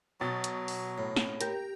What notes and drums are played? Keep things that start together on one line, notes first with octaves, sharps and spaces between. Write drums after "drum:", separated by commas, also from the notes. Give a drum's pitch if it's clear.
B2 F#3 A6
drum: hi-hat
drum: open hi-hat
A2
drum: snare
G4 A#4, drum: hi-hat